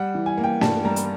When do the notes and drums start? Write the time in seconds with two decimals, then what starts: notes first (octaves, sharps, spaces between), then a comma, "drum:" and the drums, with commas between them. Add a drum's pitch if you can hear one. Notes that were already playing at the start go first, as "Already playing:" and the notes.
Already playing: G3 F#5
0.15 E3
0.26 G#5
0.38 A#3
0.43 G5
0.61 G2 A5, drum: snare
0.85 G3 A#5
0.96 drum: hi-hat